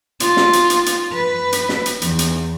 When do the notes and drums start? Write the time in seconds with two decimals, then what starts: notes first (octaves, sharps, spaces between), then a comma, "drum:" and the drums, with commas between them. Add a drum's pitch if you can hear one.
0.20 F4, drum: hi-hat
0.37 drum: snare
0.53 drum: hi-hat
0.70 drum: hi-hat
0.86 drum: hi-hat
1.12 B4
1.52 drum: hi-hat
1.69 drum: snare
1.86 drum: hi-hat
2.02 E2, drum: hi-hat
2.19 drum: hi-hat